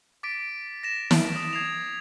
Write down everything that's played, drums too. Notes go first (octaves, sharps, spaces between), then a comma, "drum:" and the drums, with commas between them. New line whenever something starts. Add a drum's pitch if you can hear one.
D6 A6 B6 D7
A#6 E7
drum: snare
D#6
D#6 G#6 C7 E7 F7